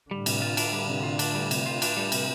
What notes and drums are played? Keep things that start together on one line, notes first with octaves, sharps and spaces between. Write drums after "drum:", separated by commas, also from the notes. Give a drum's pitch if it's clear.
A2 D3 G3
C3, drum: cymbal
F4
D4, drum: cymbal
G3
C3
F4
D4, drum: cymbal
G3
C3, drum: cymbal
F4
D4, drum: cymbal
G3
C3, drum: cymbal